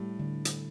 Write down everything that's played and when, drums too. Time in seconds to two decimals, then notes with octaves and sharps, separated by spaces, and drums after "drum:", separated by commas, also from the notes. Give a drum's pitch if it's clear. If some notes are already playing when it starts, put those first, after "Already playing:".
Already playing: A2 G3
0.19 D3
0.45 drum: hi-hat